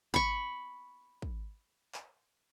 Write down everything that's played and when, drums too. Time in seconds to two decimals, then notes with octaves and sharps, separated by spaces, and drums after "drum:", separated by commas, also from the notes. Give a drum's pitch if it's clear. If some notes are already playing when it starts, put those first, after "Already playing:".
0.14 B5 C#6, drum: kick
1.22 drum: kick
1.94 drum: clap